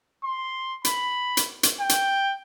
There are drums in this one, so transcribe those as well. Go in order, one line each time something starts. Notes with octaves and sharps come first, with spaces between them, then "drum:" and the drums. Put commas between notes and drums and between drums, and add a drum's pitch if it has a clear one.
C6
B5, drum: hi-hat
drum: hi-hat
drum: hi-hat
G5
drum: hi-hat